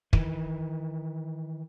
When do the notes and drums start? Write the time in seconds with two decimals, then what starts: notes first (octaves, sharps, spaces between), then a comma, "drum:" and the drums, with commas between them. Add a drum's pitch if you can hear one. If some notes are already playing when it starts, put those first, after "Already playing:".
0.13 D#3 E3, drum: kick